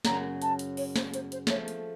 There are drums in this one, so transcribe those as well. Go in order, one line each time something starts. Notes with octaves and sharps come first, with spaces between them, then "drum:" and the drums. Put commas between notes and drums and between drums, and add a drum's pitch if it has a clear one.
F#2 C#3 F#3 A#5, drum: snare
A5, drum: hi-hat
drum: hi-hat
C#5, drum: open hi-hat
C5, drum: snare
C5, drum: hi-hat
C5, drum: hi-hat
F3 A3 C#5, drum: snare
drum: hi-hat